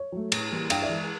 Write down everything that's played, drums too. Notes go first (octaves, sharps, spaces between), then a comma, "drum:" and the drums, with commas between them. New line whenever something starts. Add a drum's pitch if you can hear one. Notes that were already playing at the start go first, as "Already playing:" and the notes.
Already playing: C#5
F#3 A3
A2, drum: cymbal
E3 G3 A#3
G2 F5 G5, drum: cymbal
D5 E5
E3 G#3